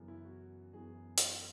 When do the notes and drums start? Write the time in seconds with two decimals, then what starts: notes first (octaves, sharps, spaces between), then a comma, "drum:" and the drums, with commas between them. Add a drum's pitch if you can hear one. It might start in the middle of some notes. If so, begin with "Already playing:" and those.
Already playing: F#2 C#3 E3 B3
0.08 E4
0.25 F#4
0.73 F#2 E3 B3 G#4
1.18 drum: hi-hat